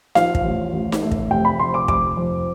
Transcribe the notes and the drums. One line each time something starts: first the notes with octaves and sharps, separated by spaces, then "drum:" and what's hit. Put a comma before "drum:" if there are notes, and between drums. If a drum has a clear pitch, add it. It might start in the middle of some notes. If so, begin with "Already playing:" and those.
F3 F5, drum: snare D#4
drum: kick
A1
A1
drum: snare D#4
A3
drum: kick
F1 G5
B5
F2 C6
D6
F1 D6, drum: kick
F2